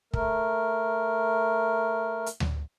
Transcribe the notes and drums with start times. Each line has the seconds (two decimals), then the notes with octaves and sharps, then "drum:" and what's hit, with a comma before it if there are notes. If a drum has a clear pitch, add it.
0.13 A3 A#4, drum: kick
2.26 drum: hi-hat
2.40 drum: tom D2